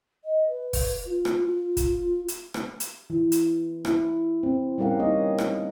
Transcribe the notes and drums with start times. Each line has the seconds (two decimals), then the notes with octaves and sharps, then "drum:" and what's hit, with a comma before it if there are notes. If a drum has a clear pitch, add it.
0.24 D#5
0.47 B4
0.73 drum: kick, open hi-hat
1.05 F4
1.25 drum: rim click
1.46 F4
1.77 drum: kick, hi-hat
2.28 drum: hi-hat
2.54 drum: rim click
2.80 drum: hi-hat
3.10 E3
3.32 drum: hi-hat
3.85 E4, drum: rim click
4.43 C4
4.78 G3 C#4 G4 A#4 F5 F#5
4.99 A#3 D#4 C#5 D#5
5.38 drum: rim click